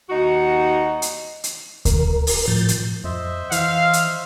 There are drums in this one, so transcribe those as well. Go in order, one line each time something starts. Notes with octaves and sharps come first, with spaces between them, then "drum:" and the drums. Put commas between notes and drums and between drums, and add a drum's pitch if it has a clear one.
D#2 D#4 F#4
drum: hi-hat
drum: hi-hat
A#4, drum: kick D2, hi-hat
drum: open hi-hat
A2 F3 G6 A6
drum: hi-hat
F2 C5 D#5 E5
E3 F5, drum: hi-hat
drum: hi-hat